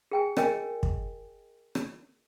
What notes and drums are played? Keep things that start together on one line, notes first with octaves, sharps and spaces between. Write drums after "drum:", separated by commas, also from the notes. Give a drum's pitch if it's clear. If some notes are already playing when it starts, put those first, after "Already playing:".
G#4 G5 G#5
A#4 C#5 D#5 G5 G#5, drum: rim click
drum: kick
drum: rim click